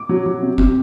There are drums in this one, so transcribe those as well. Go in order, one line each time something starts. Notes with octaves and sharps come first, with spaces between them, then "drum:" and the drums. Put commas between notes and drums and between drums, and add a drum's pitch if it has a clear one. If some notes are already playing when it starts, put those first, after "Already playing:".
Already playing: D6
F#3
F#3
C3
C3, drum: kick F#1